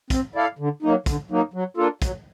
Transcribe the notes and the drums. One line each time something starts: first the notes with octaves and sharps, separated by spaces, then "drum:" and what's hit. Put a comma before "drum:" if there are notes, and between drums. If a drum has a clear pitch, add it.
C4, drum: kick, hi-hat
E4 A4 D5 F5
D3
F#3 A#3 D#4
D3, drum: kick, hi-hat
F#3 A#3 D#4
F#3
A#3 D4 F4 A4
F#3, drum: kick, hi-hat